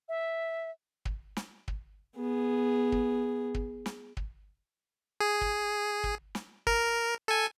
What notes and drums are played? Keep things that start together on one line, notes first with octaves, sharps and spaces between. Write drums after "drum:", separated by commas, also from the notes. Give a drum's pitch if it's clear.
E5
drum: kick
drum: snare
drum: kick
B3 G#4
drum: kick
drum: kick
drum: snare
drum: kick
G#4
drum: kick
drum: kick
drum: snare
A#4, drum: kick
A4 G#5